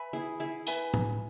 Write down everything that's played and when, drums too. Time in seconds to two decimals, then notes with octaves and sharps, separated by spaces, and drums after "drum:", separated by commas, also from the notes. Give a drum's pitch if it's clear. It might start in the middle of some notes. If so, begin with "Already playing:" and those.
Already playing: B4 E5 G#5 B5
0.13 E4 G#4
0.40 E4 G#4
0.67 B4 E5 G#5 B5, drum: tambourine
0.94 drum: tom